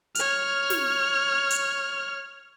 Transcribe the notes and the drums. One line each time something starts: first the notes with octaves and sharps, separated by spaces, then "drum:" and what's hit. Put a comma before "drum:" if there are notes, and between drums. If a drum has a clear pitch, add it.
C#5 F6, drum: hi-hat
drum: snare
drum: hi-hat